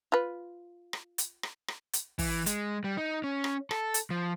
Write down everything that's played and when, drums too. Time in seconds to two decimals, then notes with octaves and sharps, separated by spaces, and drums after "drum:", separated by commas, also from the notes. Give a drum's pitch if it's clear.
0.12 F4 B4
0.93 drum: rim click
1.18 drum: hi-hat
1.43 drum: rim click
1.68 drum: rim click
1.93 drum: hi-hat
2.19 E3, drum: kick, open hi-hat
2.46 G#3, drum: hi-hat
2.84 G3
2.97 D#4
3.24 C#4
3.44 drum: rim click
3.71 A4, drum: rim click
3.94 drum: hi-hat
4.10 F3